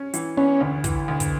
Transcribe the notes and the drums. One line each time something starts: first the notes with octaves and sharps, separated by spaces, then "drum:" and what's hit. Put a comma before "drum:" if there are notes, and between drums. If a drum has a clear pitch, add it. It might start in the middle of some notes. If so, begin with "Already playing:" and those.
Already playing: C#4
E3, drum: hi-hat
B3 C#4
D2
E3, drum: kick, hi-hat
D2
drum: kick, hi-hat